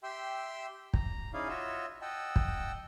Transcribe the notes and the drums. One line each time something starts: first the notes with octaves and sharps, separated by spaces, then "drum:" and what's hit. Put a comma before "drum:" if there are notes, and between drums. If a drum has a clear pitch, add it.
G4 E5 G5 C6 E6
A#5, drum: kick
C#4 D#4 E4 G#4 D5 F5
F4 F#4 C#5 D#5 E5
D#5 F#5 G5 A5 E6
drum: kick